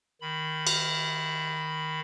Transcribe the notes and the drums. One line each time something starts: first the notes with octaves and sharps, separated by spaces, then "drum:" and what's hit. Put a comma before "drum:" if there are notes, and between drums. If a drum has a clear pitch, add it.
D#3 B5
drum: cymbal